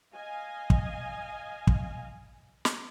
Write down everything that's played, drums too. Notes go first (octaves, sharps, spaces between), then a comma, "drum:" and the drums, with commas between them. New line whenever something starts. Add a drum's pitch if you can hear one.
D#5 F5 G#5
drum: kick
drum: kick
drum: snare